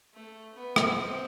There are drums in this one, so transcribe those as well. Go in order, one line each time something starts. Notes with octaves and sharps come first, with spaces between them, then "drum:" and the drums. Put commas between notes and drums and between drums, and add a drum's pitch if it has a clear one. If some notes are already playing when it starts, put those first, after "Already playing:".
A3
B3
drum: rim click
C4